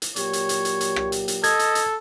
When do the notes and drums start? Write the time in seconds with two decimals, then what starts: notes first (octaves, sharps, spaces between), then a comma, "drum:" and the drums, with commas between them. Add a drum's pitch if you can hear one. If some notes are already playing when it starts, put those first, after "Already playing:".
0.02 drum: hi-hat
0.16 A#2 F#3 G4 C#5, drum: hi-hat
0.33 drum: hi-hat
0.49 drum: hi-hat
0.65 drum: hi-hat
0.81 drum: hi-hat
0.96 drum: rim click
1.12 drum: hi-hat
1.28 drum: hi-hat
1.44 A4 D#5 G#6, drum: hi-hat
1.59 drum: hi-hat
1.75 drum: hi-hat